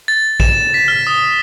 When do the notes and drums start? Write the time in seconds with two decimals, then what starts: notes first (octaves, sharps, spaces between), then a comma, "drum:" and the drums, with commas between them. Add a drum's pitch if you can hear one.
0.08 A6
0.40 E7, drum: kick
0.74 B6
0.88 F6
1.07 D#6